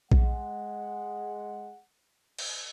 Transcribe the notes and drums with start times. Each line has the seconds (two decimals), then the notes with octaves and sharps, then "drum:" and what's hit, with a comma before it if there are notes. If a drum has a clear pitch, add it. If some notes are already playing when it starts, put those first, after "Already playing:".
0.12 G#3 F#5, drum: kick A#1
2.38 drum: cymbal